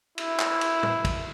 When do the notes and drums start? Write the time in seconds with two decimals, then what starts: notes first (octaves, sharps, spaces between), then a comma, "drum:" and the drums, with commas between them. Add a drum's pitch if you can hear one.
0.18 E4, drum: cymbal
0.39 drum: clap
0.61 drum: cymbal
0.83 drum: tom
1.05 drum: kick, cymbal